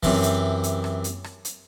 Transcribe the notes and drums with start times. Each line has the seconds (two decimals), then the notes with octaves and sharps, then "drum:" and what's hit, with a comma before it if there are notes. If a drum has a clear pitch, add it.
0.03 F#2 C3 E3, drum: kick, open hi-hat
0.23 drum: hi-hat
0.64 drum: hi-hat
0.84 drum: rim click
1.04 drum: hi-hat
1.24 drum: rim click
1.45 drum: hi-hat